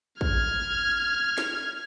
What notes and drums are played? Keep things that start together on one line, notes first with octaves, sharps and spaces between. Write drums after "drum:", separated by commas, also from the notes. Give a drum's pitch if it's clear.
F6 G#6, drum: kick
drum: snare